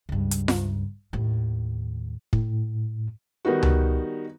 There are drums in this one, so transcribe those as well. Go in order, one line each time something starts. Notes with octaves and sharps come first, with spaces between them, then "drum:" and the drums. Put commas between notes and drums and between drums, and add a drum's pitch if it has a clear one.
C#2 G2
drum: hi-hat
drum: snare F4
D#2 A2
A2, drum: kick
D#3 G3 B3 D#4 F#4
drum: tom C#2